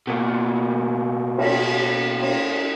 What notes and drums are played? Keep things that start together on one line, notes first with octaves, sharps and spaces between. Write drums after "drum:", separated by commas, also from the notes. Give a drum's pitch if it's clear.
B2 A#3
drum: cymbal
drum: cymbal